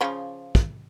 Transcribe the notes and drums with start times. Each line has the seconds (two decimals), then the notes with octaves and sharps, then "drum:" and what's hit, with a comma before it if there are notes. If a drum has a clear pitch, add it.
0.01 C#3 F3
0.55 drum: kick